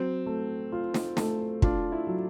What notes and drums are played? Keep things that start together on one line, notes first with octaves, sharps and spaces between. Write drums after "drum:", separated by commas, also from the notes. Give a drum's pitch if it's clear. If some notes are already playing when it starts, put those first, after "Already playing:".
Already playing: F#3 C4
A3
F4
drum: snare
A3, drum: snare
D4 F4, drum: kick
E4
F#3